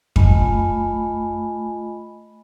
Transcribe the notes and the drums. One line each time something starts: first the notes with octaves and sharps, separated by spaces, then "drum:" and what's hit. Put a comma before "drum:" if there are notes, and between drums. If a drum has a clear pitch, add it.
A3 F4 D#5 G#5 B5, drum: kick F2